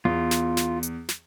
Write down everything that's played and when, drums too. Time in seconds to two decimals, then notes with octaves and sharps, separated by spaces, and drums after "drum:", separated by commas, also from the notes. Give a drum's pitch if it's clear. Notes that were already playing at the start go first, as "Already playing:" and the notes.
0.05 E2 B3 F4
0.31 drum: snare
0.57 drum: snare
0.83 drum: hi-hat
1.09 drum: snare